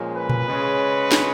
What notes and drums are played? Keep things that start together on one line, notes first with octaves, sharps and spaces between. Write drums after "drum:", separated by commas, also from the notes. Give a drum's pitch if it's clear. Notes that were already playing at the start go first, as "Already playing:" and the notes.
Already playing: A#2 F3 G#3 C#4
B4
drum: tom A#2
C#3 G#3 C#4
drum: snare